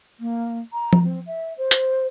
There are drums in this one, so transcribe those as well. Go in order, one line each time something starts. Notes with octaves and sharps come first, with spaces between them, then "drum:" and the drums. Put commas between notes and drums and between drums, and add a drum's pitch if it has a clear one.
A#3
A#5
drum: tom F3
C4
E5
C5
drum: hi-hat